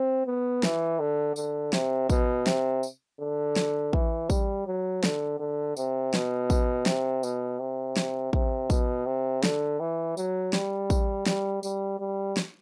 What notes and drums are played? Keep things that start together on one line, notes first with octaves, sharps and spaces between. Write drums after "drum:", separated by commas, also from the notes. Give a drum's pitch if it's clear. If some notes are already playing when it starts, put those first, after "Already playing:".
Already playing: C4
B3
E3, drum: snare
D3
D3, drum: tambourine
C3, drum: snare
B2, drum: kick A1, tambourine
C3, drum: snare
drum: tambourine
D3
drum: snare
E3, drum: kick A1
G3, drum: kick A1, tambourine
F#3
D3, drum: snare
D3
C3, drum: tambourine
B2, drum: snare
drum: kick A1, tambourine
C3, drum: snare
B2, drum: tambourine
C3
drum: snare
C3, drum: kick A1
B2, drum: kick A1, tambourine
C3
D3, drum: snare
E3
F#3, drum: tambourine
G3, drum: snare
drum: kick A1, tambourine
G3, drum: snare
G3, drum: tambourine
G3
drum: snare